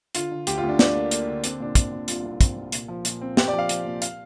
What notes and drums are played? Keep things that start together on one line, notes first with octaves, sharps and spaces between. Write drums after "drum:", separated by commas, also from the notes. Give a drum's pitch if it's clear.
D3 F4, drum: hi-hat
D3
D2 G4, drum: hi-hat
F4
D2
D4
D3 D4, drum: snare
A#3
A#3, drum: hi-hat
D3
C4 D4, drum: hi-hat
A#2 D4
C4, drum: kick, hi-hat
A#2
C2 F4, drum: hi-hat
C2
C4, drum: kick, hi-hat
C2
A#2, drum: hi-hat
F3
A#2, drum: hi-hat
C4
C4 G4, drum: snare
D5
F3
F5
F3, drum: hi-hat
A#2
F5, drum: hi-hat